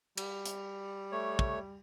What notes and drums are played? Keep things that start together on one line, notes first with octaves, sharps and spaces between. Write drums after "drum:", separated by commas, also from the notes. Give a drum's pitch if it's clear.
G3, drum: cymbal
drum: hi-hat
A3 C#5
drum: kick